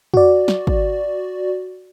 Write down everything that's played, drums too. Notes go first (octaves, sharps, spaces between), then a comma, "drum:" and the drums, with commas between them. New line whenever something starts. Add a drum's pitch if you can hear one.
F#4 D5, drum: tom
drum: snare
drum: kick G#1